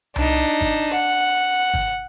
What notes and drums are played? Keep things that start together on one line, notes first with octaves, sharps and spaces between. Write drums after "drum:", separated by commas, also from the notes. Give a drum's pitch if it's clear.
D4 D#4, drum: tom C2
drum: kick G1
F#5
drum: kick G1